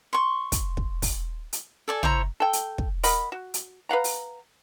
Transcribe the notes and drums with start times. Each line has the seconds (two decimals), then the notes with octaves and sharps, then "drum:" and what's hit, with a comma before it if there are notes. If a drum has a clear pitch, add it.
0.13 C6 C#6
0.52 drum: kick, hi-hat
0.77 drum: kick
1.02 drum: kick, open hi-hat
1.53 drum: hi-hat
1.88 A4 D5 G#5
2.03 E4 C5 C#5 A#5, drum: tom
2.40 A4 G5
2.53 drum: hi-hat
2.78 drum: kick
3.03 A#4 D#5 F#5 B5, drum: open hi-hat
3.32 F#4
3.54 drum: hi-hat
3.89 B4 F5 F#5 A#5
4.04 drum: open hi-hat